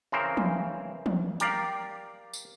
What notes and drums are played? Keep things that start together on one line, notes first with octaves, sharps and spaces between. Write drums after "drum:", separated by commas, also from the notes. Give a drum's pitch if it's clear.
C#3 E3 C4 A#4 C5
drum: tom
drum: tom
G4 A#4 D5 F5, drum: hi-hat
drum: tambourine